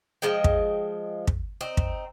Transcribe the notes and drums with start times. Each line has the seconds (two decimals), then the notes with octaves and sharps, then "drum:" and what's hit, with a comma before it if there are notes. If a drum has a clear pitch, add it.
0.22 F3 G#3 D#5 G5
0.44 drum: kick
1.27 drum: kick
1.61 C4 D#4
1.77 drum: kick